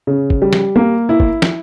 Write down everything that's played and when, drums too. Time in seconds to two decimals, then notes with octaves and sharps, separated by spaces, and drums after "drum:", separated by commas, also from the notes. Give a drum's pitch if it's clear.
0.07 C#3
0.30 drum: kick
0.42 G3
0.53 drum: snare
0.76 A#3
1.09 E4
1.20 drum: kick
1.42 drum: snare